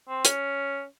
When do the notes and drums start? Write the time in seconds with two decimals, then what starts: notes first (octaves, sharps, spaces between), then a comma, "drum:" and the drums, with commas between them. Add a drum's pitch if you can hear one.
0.08 C4
0.25 C#4, drum: hi-hat